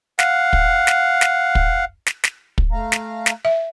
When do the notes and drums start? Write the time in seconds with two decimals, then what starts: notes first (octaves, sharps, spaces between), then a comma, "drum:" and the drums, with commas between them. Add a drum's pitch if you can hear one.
0.19 F5 F#5, drum: snare
0.53 drum: kick
0.87 drum: snare
1.21 drum: snare
1.55 drum: kick
2.06 drum: snare
2.24 drum: snare
2.58 drum: kick
2.72 A3 F5 A#5
2.92 drum: snare
3.26 drum: snare
3.45 E5